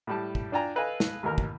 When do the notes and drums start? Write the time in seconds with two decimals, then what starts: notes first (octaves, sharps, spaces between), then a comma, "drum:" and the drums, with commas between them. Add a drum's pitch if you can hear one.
0.07 A2 G3 A5
0.35 drum: kick
0.52 D4 F4 D5 G5 G#5 A#5
0.75 A4 B4 D#5 F5 G#5
1.00 drum: snare
1.23 A1 D#2 A#4 F6
1.38 drum: kick